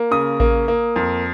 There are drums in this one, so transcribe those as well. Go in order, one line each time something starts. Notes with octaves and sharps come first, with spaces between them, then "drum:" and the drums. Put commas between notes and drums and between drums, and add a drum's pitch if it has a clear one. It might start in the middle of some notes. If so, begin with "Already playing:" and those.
Already playing: A#3
C#3 D#6
A#3, drum: kick A1
A#3
F2